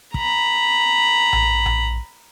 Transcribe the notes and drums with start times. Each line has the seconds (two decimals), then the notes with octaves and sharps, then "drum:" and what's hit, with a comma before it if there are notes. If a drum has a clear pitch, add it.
0.14 A#5 B5, drum: kick
1.33 drum: tom A#1
1.66 drum: tom A#1